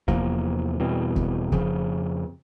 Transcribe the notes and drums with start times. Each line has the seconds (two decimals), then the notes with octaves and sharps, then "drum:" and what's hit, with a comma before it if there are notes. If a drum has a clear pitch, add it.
0.08 E2 C3 F3 A#3, drum: kick
0.80 E2 B2 G3 C4
1.16 drum: kick
1.52 F2 C#3 F3, drum: kick